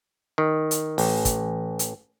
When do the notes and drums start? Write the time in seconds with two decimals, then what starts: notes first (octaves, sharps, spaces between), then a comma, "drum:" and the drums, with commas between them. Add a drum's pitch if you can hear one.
0.38 D#3
0.71 drum: hi-hat
0.98 A1, drum: open hi-hat
1.25 drum: kick, hi-hat
1.79 drum: hi-hat